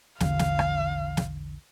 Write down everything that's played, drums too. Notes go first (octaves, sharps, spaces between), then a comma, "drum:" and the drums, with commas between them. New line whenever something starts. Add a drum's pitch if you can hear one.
A#1 E2 D3 F5, drum: snare
drum: snare
drum: rim click
drum: snare